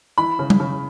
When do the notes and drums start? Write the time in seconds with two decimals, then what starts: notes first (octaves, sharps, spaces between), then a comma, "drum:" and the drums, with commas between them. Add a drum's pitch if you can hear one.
0.18 E3 B5
0.39 C#3
0.50 drum: tom G3
0.60 C#3